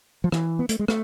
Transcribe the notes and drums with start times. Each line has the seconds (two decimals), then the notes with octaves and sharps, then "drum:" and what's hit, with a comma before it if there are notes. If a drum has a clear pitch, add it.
0.24 F3
0.32 E3, drum: rim click
0.59 B3
0.69 A3, drum: hi-hat
0.79 G#3
0.88 A3, drum: rim click